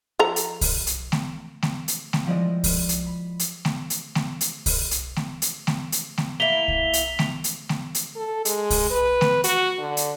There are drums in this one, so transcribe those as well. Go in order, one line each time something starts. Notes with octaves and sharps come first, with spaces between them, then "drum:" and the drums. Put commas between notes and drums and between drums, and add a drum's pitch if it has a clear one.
F3 A4 A#5
drum: hi-hat
drum: kick C2, open hi-hat
drum: hi-hat
drum: snare A3
drum: snare A3
drum: hi-hat
drum: snare A3
F3 G3 G#3 E4 D5 D#5
drum: kick C2, open hi-hat
drum: hi-hat
B5
drum: hi-hat
drum: snare A3
drum: hi-hat
drum: snare A3
drum: hi-hat
drum: kick C2, open hi-hat
drum: hi-hat
drum: snare A3
drum: hi-hat
drum: snare A3
drum: hi-hat
drum: snare A3
A#3 E4 B6 F7 G7
drum: kick C2
drum: hi-hat
drum: snare A3
drum: hi-hat
drum: snare A3
drum: hi-hat
A4
G#3, drum: hi-hat
drum: kick C2, open hi-hat
B4
drum: snare A3
F#4, drum: hi-hat
D3
drum: hi-hat